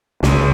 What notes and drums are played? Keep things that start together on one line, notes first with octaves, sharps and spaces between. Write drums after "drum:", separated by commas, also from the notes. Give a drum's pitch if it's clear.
C#2, drum: snare